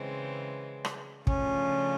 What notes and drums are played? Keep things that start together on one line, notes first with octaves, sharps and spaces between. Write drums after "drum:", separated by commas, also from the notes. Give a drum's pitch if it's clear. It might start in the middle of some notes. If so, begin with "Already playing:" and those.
Already playing: C#3 E3 G#3 C4
drum: rim click
C#3 F3 A3 C#4 D4 F4, drum: kick